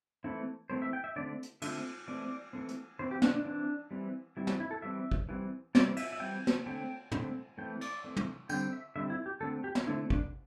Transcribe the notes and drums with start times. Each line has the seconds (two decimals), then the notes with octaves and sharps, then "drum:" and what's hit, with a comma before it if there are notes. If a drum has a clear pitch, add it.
0.24 E3 A3 C4 E4
0.70 E3 A3 C4 C5
0.82 E5
0.93 G5
1.04 E5
1.16 D3 A3 C4 D5
1.43 drum: hi-hat
1.62 D3 A3 C4 E5, drum: cymbal
2.08 E3 A3 C4 D5
2.53 E3 A3 C4
2.69 drum: hi-hat
2.99 E3 C4 C5
3.11 G4
3.22 D4, drum: snare
3.34 D4
3.45 E3 C4 D4
3.91 E3 G3 C4
4.37 E3 G3 C4 E4
4.47 drum: snare
4.60 E4
4.71 A4
4.82 E3 G3 C4 E5
5.11 drum: kick
5.29 E3 G3 C4
5.75 E3 G3 C4 D5, drum: snare
5.97 E5, drum: cymbal
6.13 E5
6.20 E3 G3 C4 G5
6.47 drum: snare
6.66 D3 A3 C4 G5
7.12 D3 A3 C4, drum: tom
7.58 E3 A3 C4 G5
7.81 D5, drum: cymbal
8.04 E3 A3 C4
8.17 drum: tom
8.49 D3 G3 C4 G5, drum: tambourine
8.73 E5
8.96 D3 G3 C4 E5
9.10 E4
9.26 G4
9.40 D3 A3 C4 A4
9.64 G4
9.75 drum: snare
9.87 D3 A3 C4 E4
10.10 D4, drum: kick